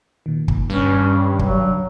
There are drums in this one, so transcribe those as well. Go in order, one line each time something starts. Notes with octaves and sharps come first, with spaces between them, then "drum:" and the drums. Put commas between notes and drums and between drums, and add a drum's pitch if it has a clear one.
A#2 D#3
drum: kick
G2 C#4
F#3, drum: kick